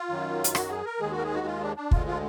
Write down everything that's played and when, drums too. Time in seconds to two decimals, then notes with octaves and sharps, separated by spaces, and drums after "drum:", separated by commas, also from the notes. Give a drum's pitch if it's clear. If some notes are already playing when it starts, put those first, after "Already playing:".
Already playing: F4
0.09 F#2 D#3 F#3
0.44 drum: hi-hat
0.55 F#4, drum: rim click
0.69 G#4
0.85 A#4
1.00 D#2 D#3 G#3 G#4
1.12 F#4
1.18 A#4
1.23 G#4
1.35 F#4
1.46 F4
1.61 D4
1.76 D4
1.91 D2 D3 G#3 F4, drum: kick
2.07 F4